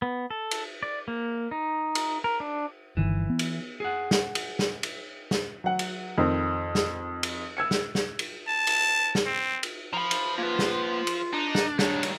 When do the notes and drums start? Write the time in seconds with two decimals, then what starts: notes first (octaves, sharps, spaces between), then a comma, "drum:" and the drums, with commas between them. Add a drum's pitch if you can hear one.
0.02 B3
0.30 A4
0.51 drum: cymbal
0.83 D5
1.08 A#3
1.51 D#4
1.95 drum: cymbal
2.24 A#4
2.40 D4
2.97 G1 D#3 E3
3.30 B3
3.39 drum: cymbal
3.80 G#4 F#5
4.11 drum: snare
4.35 drum: cymbal
4.59 drum: snare
4.83 drum: cymbal
5.31 drum: snare
5.64 F#3 F#5
5.79 drum: cymbal
6.18 F2 D#3 C4
6.75 drum: snare
7.23 drum: cymbal
7.57 E6 G#6 C#7
7.71 drum: snare
7.95 drum: snare
8.19 drum: cymbal
8.48 A5
8.67 drum: cymbal
9.15 drum: snare
9.26 C4
9.63 drum: cymbal
9.93 F3 A#5 B5
10.11 drum: cymbal
10.38 A#3 F4 B4
10.59 drum: snare
11.07 drum: cymbal
11.33 D4 D#4
11.55 drum: snare
11.79 G2 D#3 G3 D4 C#5, drum: snare
12.03 drum: cymbal